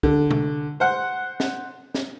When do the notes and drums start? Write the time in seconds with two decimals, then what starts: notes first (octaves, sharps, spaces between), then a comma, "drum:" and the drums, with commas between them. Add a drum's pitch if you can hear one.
0.03 D3, drum: kick
0.31 drum: tom B2
0.80 C5 F#5
1.40 drum: snare
1.94 drum: snare